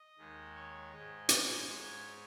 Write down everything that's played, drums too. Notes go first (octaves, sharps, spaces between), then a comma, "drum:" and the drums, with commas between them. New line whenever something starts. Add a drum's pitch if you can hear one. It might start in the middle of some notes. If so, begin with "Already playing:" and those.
Already playing: D#5
D#2 D#3 G#3
C#5
G#2 G#3 D#5
C#5, drum: hi-hat
G#2 G#3